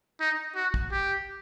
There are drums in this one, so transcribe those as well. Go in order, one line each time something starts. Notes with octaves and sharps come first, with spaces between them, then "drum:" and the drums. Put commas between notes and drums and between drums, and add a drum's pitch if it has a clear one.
D#4
F#4
drum: kick
G4